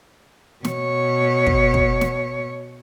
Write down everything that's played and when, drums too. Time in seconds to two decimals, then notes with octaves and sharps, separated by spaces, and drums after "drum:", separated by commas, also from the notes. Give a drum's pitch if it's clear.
0.65 B2 C#5, drum: snare
1.47 drum: kick
1.74 drum: kick
2.01 drum: snare